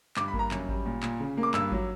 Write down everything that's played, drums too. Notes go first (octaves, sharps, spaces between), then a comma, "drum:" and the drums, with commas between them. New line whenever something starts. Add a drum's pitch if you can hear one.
G2 D6, drum: clap
B5
A#3, drum: kick G#1
A#5
F#2, drum: clap
G3, drum: kick G#1
A#2
A#2, drum: clap
C#3
A#3
D6
G2 E6, drum: clap
F#3, drum: kick G#1